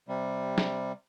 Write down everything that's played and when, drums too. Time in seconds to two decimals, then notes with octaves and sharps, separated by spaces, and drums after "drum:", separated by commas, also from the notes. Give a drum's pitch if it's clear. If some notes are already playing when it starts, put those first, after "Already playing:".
0.08 C3 G3
0.58 drum: snare